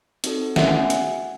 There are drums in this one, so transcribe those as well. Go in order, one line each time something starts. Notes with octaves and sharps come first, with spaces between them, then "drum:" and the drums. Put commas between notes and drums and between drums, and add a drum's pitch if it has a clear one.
C4 D#4 F#4 A4, drum: hi-hat
A3 C#4 F#4 E5 F#5, drum: snare
F#5 G#5
drum: hi-hat